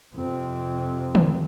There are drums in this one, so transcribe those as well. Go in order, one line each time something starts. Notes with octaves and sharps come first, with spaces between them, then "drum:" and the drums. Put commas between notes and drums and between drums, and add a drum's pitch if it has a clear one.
F2 C3 C4
drum: tom